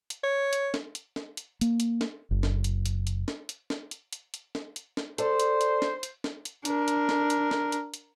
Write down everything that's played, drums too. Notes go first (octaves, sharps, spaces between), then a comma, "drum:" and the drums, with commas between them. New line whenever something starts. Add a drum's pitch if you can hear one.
drum: hi-hat
C#5
drum: hi-hat
drum: snare
drum: hi-hat
drum: snare
drum: hi-hat
A#3, drum: hi-hat
drum: hi-hat
drum: snare
F#1
drum: snare
drum: hi-hat
drum: hi-hat
drum: hi-hat
drum: snare
drum: hi-hat
drum: snare
drum: hi-hat
drum: hi-hat
drum: hi-hat
drum: snare
drum: hi-hat
drum: snare
A4 C5 D5, drum: hi-hat
drum: hi-hat
drum: hi-hat
drum: snare
drum: hi-hat
drum: snare
drum: hi-hat
D4 A#4, drum: hi-hat
drum: hi-hat
drum: snare
drum: hi-hat
drum: snare
drum: hi-hat
drum: hi-hat